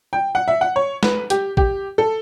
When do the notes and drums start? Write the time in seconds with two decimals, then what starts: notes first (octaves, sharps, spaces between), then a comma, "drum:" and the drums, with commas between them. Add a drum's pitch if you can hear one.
0.13 G5
0.35 F#5
0.48 E5
0.61 F#5
0.76 C#5
1.03 B4, drum: snare
1.30 G4, drum: hi-hat
1.57 G4, drum: kick
1.98 A4